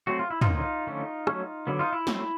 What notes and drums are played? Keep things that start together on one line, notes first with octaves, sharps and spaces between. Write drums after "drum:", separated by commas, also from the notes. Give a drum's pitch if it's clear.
F#3 A3 C4 F#4
F4
E4
D#4 F4, drum: tom
D3 F3 A#3 C#4
D3 F3 A3 C#4
F#3 A3 C#4, drum: rim click
D3 F#3 B3
D#4 F4
E4
F#3 A3 C4, drum: snare